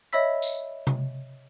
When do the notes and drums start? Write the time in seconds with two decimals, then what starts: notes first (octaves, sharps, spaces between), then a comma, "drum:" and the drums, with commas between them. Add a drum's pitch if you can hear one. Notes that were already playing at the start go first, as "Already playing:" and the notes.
0.13 C#5 D#5 E5 B5 E6 B6
0.42 drum: tambourine
0.87 drum: tom C3